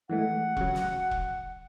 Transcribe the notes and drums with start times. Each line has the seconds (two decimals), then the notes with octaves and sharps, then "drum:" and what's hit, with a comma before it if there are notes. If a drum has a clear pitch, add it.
0.09 E3 G#3 A3 F#5
0.57 C#3 F#3, drum: kick E1
0.75 drum: snare
1.11 drum: kick E1